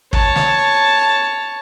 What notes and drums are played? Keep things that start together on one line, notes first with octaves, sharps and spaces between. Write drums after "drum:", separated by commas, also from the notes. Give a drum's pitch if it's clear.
C#5 A5, drum: kick
drum: snare